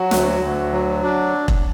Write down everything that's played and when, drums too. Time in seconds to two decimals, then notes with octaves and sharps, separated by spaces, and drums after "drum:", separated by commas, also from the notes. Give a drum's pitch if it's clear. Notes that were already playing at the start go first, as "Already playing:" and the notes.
Already playing: F#3 F#4
0.11 D2, drum: snare
0.41 D2
0.72 F#3
1.03 D4
1.48 drum: kick E1